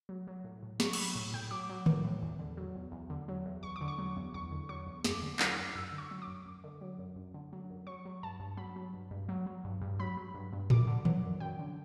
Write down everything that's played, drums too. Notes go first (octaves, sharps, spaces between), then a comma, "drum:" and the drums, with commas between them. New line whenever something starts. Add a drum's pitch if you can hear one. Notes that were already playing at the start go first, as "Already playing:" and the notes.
F#3
F#3
A2
A2
F#3 C#6, drum: snare
C#6, drum: cymbal
F#3 B5
A2
A2 G5
F#3 D6
F#3
A2, drum: tom D3
A2
E2
D3
F#3
E2
E2
D3
F#3
E2
E2 C#6
D6
D3
C#6
F#3
E2
E2 C#6
D3
F#3 C#6
E2
F#2 D6, drum: snare
D3
F#3 D6, drum: clap
F#2
F#2 E6
D3
C#6
F#3
D6
F#2
F#2
D3
F#3
F#2
F#2
D3
F#3
F#2
F#3 C#6
F#3
G2 A5
G2
F#3 B5
F#3
G2
G2
F#3
F#3
G2
G2
F#3 B5
F#3
G2
G2
F#2 D6, drum: tom A2
D3
F#3, drum: tom
F#2
F#2 G5
D3